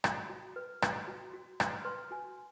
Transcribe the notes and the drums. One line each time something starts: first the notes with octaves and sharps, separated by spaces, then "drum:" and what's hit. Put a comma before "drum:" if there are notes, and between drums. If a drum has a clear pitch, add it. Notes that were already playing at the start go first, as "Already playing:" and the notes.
F#4 B5, drum: rim click
F#4
B4
B4, drum: rim click
F#4
F#4
B4 C6, drum: rim click
B4 C6
F#4 G#5